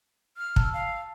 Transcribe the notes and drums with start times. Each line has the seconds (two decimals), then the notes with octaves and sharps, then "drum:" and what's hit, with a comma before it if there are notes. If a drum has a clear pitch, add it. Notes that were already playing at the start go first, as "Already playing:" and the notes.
0.37 F6
0.56 A4, drum: kick
0.73 F5